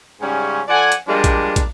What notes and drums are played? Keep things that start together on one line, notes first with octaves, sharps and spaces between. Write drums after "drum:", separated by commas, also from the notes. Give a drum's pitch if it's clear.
G#2 C#3 G3 C#4
F3 A4 D5 F#5 G#5
drum: hi-hat
F3 G3 G#3 A#3 D4
drum: kick, hi-hat
drum: kick, hi-hat